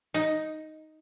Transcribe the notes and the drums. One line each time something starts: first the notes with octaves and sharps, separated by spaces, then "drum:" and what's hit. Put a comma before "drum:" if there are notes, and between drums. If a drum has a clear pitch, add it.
D#4, drum: hi-hat